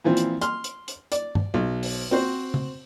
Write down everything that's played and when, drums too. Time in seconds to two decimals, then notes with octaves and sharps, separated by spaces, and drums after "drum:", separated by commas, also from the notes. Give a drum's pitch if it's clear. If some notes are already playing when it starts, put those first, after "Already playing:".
0.04 A#2 E3 F3 C4
0.17 drum: hi-hat
0.41 C6 F6, drum: hi-hat
0.64 drum: hi-hat
0.88 drum: hi-hat
1.12 D5, drum: hi-hat
1.35 drum: tom G2
1.54 B1
1.83 drum: open hi-hat
2.11 C4 F#4 C5
2.54 drum: tom C#3